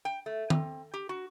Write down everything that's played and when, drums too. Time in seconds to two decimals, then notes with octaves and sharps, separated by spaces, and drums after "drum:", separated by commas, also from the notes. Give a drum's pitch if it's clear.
0.05 G5
0.26 A3
0.50 C4, drum: tom
0.94 G4
1.09 F#4